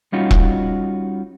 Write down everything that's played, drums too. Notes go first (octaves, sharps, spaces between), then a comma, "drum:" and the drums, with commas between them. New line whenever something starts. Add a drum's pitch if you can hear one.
G3 C#4 D#4 F4 F#4
drum: kick E1